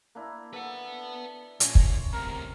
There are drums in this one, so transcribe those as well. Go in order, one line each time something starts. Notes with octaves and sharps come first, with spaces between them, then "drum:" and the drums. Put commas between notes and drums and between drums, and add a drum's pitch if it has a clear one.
A#3 D4 E4
A4 B4 F#5
A#2 C#4, drum: hi-hat
drum: kick
D2 C3 A#4